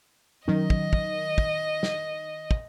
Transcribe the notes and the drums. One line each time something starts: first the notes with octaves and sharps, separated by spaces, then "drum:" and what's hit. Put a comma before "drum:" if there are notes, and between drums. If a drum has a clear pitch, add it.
D#3 F#3 C#4 D#5
drum: kick
drum: kick
drum: kick
drum: snare
drum: kick